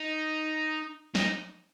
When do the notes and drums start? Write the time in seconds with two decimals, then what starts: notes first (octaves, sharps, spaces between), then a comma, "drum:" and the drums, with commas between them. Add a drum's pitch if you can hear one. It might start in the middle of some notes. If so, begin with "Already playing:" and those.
Already playing: D#4
1.15 D#4, drum: snare